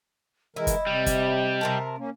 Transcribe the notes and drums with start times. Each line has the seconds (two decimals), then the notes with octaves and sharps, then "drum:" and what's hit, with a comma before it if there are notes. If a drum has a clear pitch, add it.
0.56 E3 G#3 E4 A#4 D#5
0.67 drum: kick, hi-hat
0.87 C3 G3
1.06 drum: kick, hi-hat
1.61 C3 A#4 A5
1.98 A#3 C#4